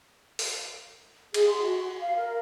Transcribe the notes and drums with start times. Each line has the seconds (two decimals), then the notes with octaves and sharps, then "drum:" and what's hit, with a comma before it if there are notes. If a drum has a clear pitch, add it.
0.39 drum: open hi-hat
1.34 G#4, drum: cymbal
1.49 C6
1.62 F#4
1.99 F5
2.16 A#4